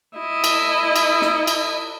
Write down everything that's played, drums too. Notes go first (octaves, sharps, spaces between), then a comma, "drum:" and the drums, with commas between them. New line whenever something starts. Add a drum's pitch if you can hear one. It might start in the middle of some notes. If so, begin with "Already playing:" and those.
E4 D#5
drum: cymbal
drum: cymbal
drum: snare
drum: cymbal